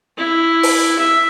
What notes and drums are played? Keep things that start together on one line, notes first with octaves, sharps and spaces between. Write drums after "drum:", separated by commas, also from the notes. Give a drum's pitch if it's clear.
E4
drum: open hi-hat
E5